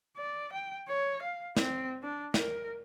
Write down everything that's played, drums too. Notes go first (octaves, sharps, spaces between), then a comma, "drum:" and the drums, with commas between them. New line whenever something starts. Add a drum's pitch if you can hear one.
D5
G5
C#5
F5
C4, drum: snare
D4
A#4, drum: snare